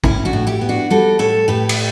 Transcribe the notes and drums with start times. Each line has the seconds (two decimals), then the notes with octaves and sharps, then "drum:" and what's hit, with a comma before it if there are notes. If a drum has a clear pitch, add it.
0.04 A2 C#4 E4, drum: kick
0.25 D4 F#4
0.33 A2
0.47 E4 G4
0.61 B3
0.69 D4 F#4
0.90 G3 F#4 A4
1.19 A2 A4 C#5
1.48 A2 G4 B4
1.69 drum: cymbal